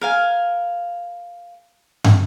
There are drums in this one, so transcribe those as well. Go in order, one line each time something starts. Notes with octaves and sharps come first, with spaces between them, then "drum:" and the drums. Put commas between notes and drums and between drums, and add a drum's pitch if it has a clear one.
A#4 F5 G#5
drum: tom